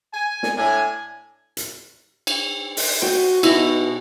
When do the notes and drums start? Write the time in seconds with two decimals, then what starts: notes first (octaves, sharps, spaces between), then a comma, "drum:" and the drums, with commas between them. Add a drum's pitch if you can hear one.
0.12 G#5
0.43 drum: snare
0.56 A2 D4 G#5
1.57 drum: hi-hat
2.27 drum: cymbal
2.77 drum: open hi-hat
3.02 F#4 G5, drum: snare
3.43 B2 D#4 E4 F#4, drum: cymbal